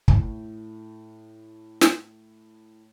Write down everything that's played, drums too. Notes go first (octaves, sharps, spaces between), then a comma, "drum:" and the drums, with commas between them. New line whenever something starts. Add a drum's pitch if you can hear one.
A2 E4, drum: kick
drum: snare